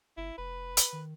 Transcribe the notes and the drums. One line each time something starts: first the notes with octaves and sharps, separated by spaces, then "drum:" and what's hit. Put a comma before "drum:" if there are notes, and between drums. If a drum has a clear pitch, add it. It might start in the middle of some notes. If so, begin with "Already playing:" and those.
G1 E4
F1 B4
drum: hi-hat
D#3